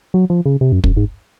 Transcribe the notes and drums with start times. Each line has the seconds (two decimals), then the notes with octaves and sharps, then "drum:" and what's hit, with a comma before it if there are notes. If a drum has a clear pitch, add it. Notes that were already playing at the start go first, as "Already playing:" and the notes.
0.14 F#3
0.30 F3
0.46 C#3
0.61 C3
0.72 F#2
0.84 F#2, drum: kick
0.97 G#2